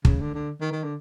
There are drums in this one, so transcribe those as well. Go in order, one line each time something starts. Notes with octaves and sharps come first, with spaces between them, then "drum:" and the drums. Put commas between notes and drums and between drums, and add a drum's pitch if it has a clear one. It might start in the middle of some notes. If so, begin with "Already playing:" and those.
C#3, drum: kick
D3
D3
D#3
D#3
D3